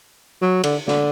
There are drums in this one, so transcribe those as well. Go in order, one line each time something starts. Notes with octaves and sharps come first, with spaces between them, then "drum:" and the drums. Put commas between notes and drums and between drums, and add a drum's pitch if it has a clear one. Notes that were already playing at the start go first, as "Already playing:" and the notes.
F#3
D3, drum: cymbal
D3, drum: snare